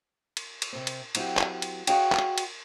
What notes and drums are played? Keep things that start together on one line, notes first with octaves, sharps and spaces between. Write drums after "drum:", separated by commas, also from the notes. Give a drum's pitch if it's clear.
drum: cymbal
drum: cymbal
C3 C4
drum: cymbal
F#3 C4 E4 G4, drum: cymbal
drum: clap
drum: cymbal
F#4 G#4 C#5 D#5 F5 G5, drum: cymbal
drum: clap
drum: cymbal